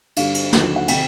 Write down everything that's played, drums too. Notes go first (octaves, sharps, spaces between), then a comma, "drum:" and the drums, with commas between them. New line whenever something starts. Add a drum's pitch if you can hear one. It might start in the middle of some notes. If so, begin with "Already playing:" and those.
G2 D3 G3 F5, drum: cymbal
drum: cymbal
D#2 D3 F#3, drum: snare
F#5
C3 D#3 G5, drum: cymbal